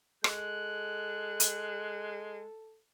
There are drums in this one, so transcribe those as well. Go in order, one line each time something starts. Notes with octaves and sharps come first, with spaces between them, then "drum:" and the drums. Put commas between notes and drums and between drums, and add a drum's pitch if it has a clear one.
G#3 A4 F#6, drum: rim click
drum: hi-hat